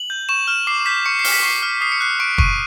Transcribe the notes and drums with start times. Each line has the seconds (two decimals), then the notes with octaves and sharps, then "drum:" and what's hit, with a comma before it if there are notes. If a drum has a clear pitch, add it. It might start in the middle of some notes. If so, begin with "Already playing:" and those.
Already playing: F#7
0.10 G6
0.29 C#6 E7
0.48 F6 E7
0.67 D6 C7
0.86 G6 B6
1.06 C#6 C#7
1.19 C7
1.24 F6, drum: open hi-hat
1.32 B6
1.43 C#6 C7
1.63 F6
1.81 D#6 C7
1.92 C#7
2.00 F#6 C7
2.20 C#6 D7
2.38 C#6 D#7, drum: kick